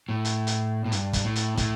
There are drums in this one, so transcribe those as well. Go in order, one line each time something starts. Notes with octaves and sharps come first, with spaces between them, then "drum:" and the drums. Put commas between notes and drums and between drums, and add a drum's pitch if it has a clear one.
A2
drum: hi-hat
drum: hi-hat
A2
G2, drum: hi-hat
drum: kick, hi-hat
A2
drum: hi-hat
A2, drum: kick, hi-hat